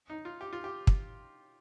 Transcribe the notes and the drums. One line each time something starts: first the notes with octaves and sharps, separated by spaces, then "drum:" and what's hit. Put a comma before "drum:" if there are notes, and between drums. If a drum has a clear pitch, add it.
D#4
F4
G4
F4
G4
drum: kick